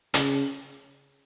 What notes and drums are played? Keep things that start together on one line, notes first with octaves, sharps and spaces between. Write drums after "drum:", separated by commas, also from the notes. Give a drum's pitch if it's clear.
C#3, drum: hi-hat